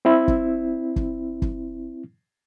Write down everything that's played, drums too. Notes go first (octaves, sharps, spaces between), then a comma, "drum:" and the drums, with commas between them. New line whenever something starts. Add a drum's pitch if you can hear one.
C4 E4
drum: kick
drum: kick
drum: kick